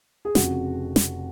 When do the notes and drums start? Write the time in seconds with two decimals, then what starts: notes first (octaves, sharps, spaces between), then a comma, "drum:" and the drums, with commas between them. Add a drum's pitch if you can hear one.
0.25 G#4
0.35 F1 F2 C#3 F#4, drum: snare
0.96 drum: snare